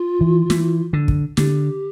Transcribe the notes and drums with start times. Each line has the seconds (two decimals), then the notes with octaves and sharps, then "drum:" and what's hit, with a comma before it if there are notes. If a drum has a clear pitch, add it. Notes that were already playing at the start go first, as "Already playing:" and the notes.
Already playing: F4
0.21 E3
0.50 E3, drum: snare
0.93 D3
1.08 drum: kick
1.37 D3 G4, drum: snare